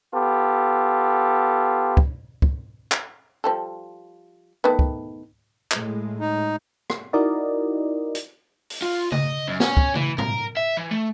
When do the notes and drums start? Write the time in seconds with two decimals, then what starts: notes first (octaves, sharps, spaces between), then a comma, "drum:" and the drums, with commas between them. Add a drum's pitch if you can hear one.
0.14 B3 F4 G4 A4
1.97 drum: kick
2.42 drum: kick
2.92 drum: clap
3.44 F3 G3 A4
4.64 D#3 A3 B3
4.79 drum: kick
5.71 A2 G#3, drum: clap
6.20 D#4
6.90 drum: rim click
7.13 D#4 E4 F#4 A#4 D5 D#5
8.15 drum: hi-hat
8.70 drum: open hi-hat
8.82 F4
9.12 D#5, drum: tom C#3
9.47 F#2
9.60 C#4, drum: snare
9.77 drum: kick
9.95 E3, drum: tom C#3
10.18 A#4, drum: tom
10.57 E5
10.77 E3
10.91 A3